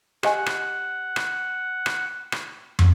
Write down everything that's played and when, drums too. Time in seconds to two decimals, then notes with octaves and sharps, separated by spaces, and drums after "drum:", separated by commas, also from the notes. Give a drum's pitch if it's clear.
0.23 G4 D#5 F#5 G#5, drum: rim click
0.46 drum: rim click
1.16 drum: rim click
1.86 drum: rim click
2.32 drum: rim click
2.79 drum: tom